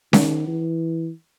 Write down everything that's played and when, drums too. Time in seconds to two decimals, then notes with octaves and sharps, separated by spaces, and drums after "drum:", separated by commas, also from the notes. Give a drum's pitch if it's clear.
0.13 D#3, drum: snare C#4
0.48 E3